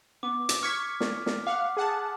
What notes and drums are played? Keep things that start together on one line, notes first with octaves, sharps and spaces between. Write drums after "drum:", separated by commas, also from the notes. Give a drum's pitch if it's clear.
B3 D6
drum: hi-hat
C#6 F6 G#6 B6
drum: snare
drum: snare
F5 F#5 D6
G#4 F#5 A5